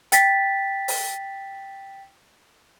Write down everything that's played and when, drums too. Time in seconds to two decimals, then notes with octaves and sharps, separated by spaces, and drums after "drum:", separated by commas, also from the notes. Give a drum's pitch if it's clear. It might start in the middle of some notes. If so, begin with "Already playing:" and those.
0.12 G5 A6 B6, drum: hi-hat
0.88 drum: open hi-hat